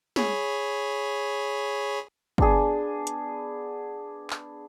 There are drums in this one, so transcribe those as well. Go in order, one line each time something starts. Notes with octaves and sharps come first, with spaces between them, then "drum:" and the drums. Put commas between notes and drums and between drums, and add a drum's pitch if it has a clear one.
G#4 C#5 B5, drum: snare
B3 D4 G#4, drum: kick
drum: hi-hat
drum: clap